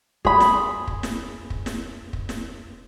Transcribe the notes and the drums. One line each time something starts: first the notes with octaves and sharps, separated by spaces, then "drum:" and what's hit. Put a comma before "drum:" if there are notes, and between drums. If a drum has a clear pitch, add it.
G#4 B5, drum: kick
drum: snare
drum: kick
drum: snare
drum: kick
drum: snare
drum: kick
drum: snare